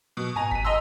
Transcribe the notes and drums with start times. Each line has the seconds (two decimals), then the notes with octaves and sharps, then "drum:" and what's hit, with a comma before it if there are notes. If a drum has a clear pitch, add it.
0.17 B2
0.36 G#5 A#5, drum: tom G2
0.51 B6 D#7, drum: kick G1
0.64 D#5 A#5 C6 E6